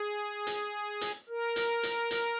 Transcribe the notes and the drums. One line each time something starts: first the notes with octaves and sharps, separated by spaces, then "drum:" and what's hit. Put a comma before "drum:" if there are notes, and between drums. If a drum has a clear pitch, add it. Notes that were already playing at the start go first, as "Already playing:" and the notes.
Already playing: G#4
drum: hi-hat
drum: hi-hat
A#4
drum: hi-hat
drum: hi-hat
drum: hi-hat